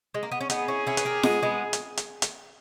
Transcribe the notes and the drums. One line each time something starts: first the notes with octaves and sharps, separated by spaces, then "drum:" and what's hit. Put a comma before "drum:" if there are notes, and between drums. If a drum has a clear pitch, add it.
G#3
A#3
B3
C#4
B3 D#4 G#4, drum: hi-hat
C#4 E4
C#4 E4
B4, drum: hi-hat
G4 A#4
G#3 B3, drum: snare
G#3 B3
drum: hi-hat
drum: hi-hat
drum: hi-hat